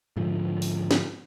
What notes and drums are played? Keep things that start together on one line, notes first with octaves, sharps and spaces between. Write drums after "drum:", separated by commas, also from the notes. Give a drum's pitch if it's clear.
G#2 D3 F3
drum: open hi-hat
drum: snare